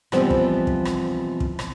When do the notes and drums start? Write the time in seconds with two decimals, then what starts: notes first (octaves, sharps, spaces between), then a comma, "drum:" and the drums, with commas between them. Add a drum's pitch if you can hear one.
0.12 B2 E3 F3 G3 B3 C4, drum: rim click
0.30 drum: kick
0.67 drum: kick
0.85 drum: rim click
1.40 drum: kick
1.59 drum: rim click